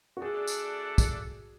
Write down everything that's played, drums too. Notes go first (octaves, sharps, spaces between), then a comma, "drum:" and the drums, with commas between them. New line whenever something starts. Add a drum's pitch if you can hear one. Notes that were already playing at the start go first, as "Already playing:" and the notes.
F#4
A3 D4 G#4 A4 D5 F#5
drum: tambourine
drum: kick, tambourine